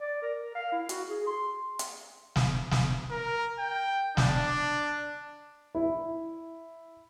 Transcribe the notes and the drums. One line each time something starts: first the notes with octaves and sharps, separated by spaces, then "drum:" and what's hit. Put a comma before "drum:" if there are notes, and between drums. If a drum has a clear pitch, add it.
D5
A#4
F5
E4
F#4, drum: hi-hat
G#4
C6
drum: hi-hat
drum: snare
drum: snare
A#4
G5
D4, drum: snare
E4